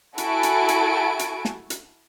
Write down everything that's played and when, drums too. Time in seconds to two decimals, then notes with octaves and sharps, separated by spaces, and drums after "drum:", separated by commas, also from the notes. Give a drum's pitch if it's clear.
0.18 E4 F#4 A4 G#5 D7, drum: hi-hat
0.43 drum: hi-hat
0.69 drum: hi-hat
1.19 drum: hi-hat
1.45 drum: snare
1.70 drum: hi-hat